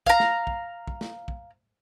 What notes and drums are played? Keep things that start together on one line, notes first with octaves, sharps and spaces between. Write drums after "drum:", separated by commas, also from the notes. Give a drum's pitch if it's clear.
F5 A#5, drum: kick
drum: snare
drum: kick
drum: kick
drum: snare
drum: kick